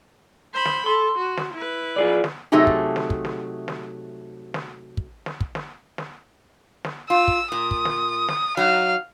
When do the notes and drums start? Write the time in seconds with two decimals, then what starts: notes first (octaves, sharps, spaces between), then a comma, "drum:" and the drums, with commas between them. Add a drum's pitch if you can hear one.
0.54 C5 B5
0.65 drum: snare
0.86 A4 C6
1.18 F#4
1.37 drum: snare
1.53 E4 B4
1.96 F4 G#4 D5
2.24 drum: snare
2.52 C3 F#3 A3 D#4 G4 G#4
2.67 drum: kick
2.96 drum: snare
3.10 drum: kick
3.25 drum: snare
3.68 drum: snare
4.54 drum: snare
4.97 drum: kick
5.26 drum: snare
5.41 drum: kick
5.55 drum: snare
5.98 drum: snare
6.85 drum: snare
7.10 F4 E6
7.28 drum: kick
7.52 A#2 D#6
7.71 drum: kick
7.85 drum: snare
8.28 drum: snare
8.57 F#3 D#4 F5